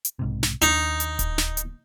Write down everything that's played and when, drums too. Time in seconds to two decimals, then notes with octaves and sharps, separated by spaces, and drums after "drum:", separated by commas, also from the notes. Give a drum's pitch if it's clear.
0.05 drum: hi-hat
0.19 B1 G#2 C3
0.43 drum: snare
0.62 D#2 D4 D#4, drum: hi-hat
1.00 drum: hi-hat
1.19 drum: kick D1, hi-hat
1.38 drum: snare
1.57 drum: hi-hat